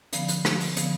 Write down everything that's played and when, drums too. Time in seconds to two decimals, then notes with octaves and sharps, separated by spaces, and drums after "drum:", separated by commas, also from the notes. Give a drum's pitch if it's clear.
0.13 D3 F3 B3, drum: hi-hat
0.28 drum: hi-hat
0.45 D3 F3 B3, drum: rim click
0.60 drum: open hi-hat
0.77 D3 F3 B3, drum: hi-hat